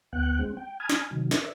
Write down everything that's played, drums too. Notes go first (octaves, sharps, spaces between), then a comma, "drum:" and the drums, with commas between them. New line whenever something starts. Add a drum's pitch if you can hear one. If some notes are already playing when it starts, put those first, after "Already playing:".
D2 B3 F#5 G5 F#6
G#3 C4
G5
G#5 A5 B5 D#6 F6 G#6
drum: snare
C3 D#3 F#3
A#4 B4 D5 E5, drum: snare